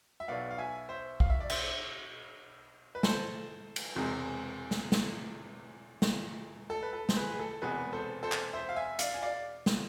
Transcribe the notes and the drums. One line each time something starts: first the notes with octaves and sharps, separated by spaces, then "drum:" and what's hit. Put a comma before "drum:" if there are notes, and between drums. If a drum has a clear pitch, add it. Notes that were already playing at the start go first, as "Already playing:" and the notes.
E5
B1 B2 B3 D5 F5
F5
E5 G#5
C5 E5
F5, drum: kick
E5
D5
C5 E5, drum: cymbal
B4
A4 C5, drum: snare
drum: cymbal
E1 E2 C3 G#3 C4
drum: snare
drum: snare
drum: snare
A4
B4
A4
C5, drum: snare
G#4 B4
G#4
A4
E1 E2 C3 G#3 B3 G#4 B4
A4 C5
A4 C5
drum: clap
C5 E5
F5
E5 G#5
D5 F5, drum: hi-hat
G#5
D5 F5
drum: snare